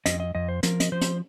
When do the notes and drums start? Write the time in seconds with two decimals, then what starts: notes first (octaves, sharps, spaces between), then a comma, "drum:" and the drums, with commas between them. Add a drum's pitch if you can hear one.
0.06 F2 D#5, drum: hi-hat
0.20 D#5
0.35 F2 D#5
0.49 C5
0.63 F3 A#4, drum: hi-hat
0.80 D#5, drum: hi-hat
0.92 F3 C5
1.01 drum: hi-hat